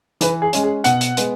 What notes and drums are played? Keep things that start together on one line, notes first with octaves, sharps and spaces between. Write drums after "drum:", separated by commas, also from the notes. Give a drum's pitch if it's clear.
E3 B4, drum: hi-hat
G#4
G#3 C#4, drum: hi-hat
G#4
B2 F#5, drum: hi-hat
drum: hi-hat
G#3 B3, drum: hi-hat